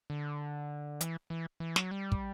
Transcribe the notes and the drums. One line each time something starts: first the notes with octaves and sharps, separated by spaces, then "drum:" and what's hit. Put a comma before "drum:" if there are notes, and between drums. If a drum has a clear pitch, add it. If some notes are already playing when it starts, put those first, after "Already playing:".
D3
E3, drum: hi-hat
E3
E3
F#3, drum: snare
G3
drum: kick